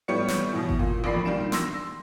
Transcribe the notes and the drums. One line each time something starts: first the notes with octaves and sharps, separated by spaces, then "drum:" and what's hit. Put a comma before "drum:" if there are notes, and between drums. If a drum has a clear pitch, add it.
A2 G3 B3 C#5 C#7
drum: snare
B2 E3
drum: kick G1
A#2
A1 F2 A#3 D5 B5 C7
A#2 D#3 G3 D4 D7 E7
C6 E6 A#6, drum: snare